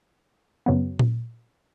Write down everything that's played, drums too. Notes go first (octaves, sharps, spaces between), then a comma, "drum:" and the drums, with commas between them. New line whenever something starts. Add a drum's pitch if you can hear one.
F#2 C#3 F#3 B3
drum: tom A#2